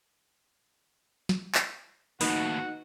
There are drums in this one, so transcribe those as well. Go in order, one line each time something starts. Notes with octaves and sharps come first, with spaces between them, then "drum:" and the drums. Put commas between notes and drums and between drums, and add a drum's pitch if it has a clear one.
drum: snare
drum: clap
D#2 A2 B3 D#4 F#4, drum: open hi-hat